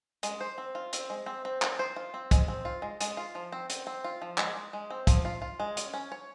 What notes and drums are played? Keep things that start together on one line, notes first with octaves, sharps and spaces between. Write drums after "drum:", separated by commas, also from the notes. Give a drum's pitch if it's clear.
G#3, drum: hi-hat
C5
C4
F4
C4, drum: hi-hat
G#3
C4
C4
C4, drum: clap
C5
F4
C4
G#3, drum: kick, hi-hat
C4
F4
G#3
G#3, drum: hi-hat
F4
F3
C4
C4, drum: hi-hat
C4
F4
F3
G#3, drum: clap
G#3
G#3
C4
F3, drum: kick, hi-hat
F4
F4
G#3
C#4, drum: hi-hat
C#4
C#5